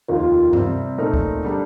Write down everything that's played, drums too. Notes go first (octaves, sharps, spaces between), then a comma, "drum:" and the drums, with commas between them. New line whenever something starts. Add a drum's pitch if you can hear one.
F1 D#2 D#3 A#3 F4
C3 G3 C4, drum: tom G2
A#2 A3 C4 D#4 A#4
drum: kick
D3 G3 D4 G4